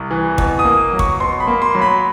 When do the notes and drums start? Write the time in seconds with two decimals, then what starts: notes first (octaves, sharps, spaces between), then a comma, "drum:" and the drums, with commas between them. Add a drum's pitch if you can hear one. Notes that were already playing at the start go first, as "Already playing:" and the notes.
Already playing: C2
0.11 E3
0.38 B2, drum: kick
0.59 D#6
0.65 A#3
0.93 F#3
0.99 C#6, drum: kick
1.20 B2 C6
1.40 B5
1.47 A#3
1.62 C6
1.75 F#3
1.82 B5